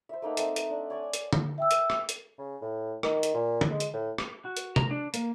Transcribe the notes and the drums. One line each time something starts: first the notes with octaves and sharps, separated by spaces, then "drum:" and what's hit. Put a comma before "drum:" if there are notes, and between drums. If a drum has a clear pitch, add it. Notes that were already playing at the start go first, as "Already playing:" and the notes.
C5 E5
A3 A#3 D#4 F#5
A3 C4 D#5, drum: hi-hat
drum: hi-hat
D4
C#5 D5 G#5
drum: hi-hat
drum: tom
E5 G5 E6
drum: hi-hat
drum: rim click
drum: hi-hat
C#3
A2
D#3, drum: rim click
drum: hi-hat
A#2
drum: tom
G#3
drum: hi-hat
A2
drum: rim click
F#4
drum: hi-hat
A#5, drum: tom C3
D4
A#3, drum: hi-hat